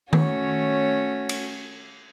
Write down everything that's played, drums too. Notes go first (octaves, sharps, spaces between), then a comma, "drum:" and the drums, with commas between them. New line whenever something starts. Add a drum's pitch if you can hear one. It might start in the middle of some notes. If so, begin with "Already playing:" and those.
A3 C#4 F#4 C#5, drum: tom D#3
drum: cymbal